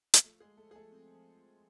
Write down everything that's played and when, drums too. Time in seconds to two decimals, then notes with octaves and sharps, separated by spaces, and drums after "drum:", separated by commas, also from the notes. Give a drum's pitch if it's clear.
0.14 drum: hi-hat
0.24 F3 A3
0.40 G#3 G#4
0.47 F3
0.57 A3 A4
0.69 G#3 G#4
0.75 A3 A4
0.92 C4
1.15 F3
1.37 F3